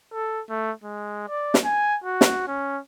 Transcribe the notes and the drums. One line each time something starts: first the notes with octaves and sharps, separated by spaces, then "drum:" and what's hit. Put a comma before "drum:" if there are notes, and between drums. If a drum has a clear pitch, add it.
A4
A3
G#3
D5
drum: snare
G#5
F#4
drum: snare
C#4